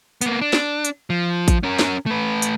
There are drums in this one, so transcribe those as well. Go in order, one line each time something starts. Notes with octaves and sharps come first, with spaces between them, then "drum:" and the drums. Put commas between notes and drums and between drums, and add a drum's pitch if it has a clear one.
A#3 B3, drum: hi-hat
D4
drum: snare
drum: hi-hat
F3
drum: kick A1, hi-hat
C#4 A#4
drum: snare
A3 B4
drum: hi-hat